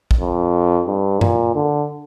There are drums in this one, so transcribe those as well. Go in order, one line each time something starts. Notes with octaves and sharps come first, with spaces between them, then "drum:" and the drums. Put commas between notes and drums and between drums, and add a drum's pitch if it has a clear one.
drum: kick
F2
G2
A#2, drum: tom F#2
D3